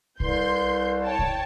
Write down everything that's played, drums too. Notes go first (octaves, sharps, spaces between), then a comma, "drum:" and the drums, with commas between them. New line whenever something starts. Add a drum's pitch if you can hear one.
C2 B4 C6 G6, drum: kick
C#5 G5 A5
drum: kick